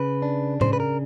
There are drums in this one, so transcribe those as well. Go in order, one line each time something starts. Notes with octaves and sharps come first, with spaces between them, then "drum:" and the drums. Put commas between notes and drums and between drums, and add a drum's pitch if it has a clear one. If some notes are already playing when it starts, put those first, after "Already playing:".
Already playing: C#3 B4
D4
C#3 C5, drum: tom A2
B4
A#4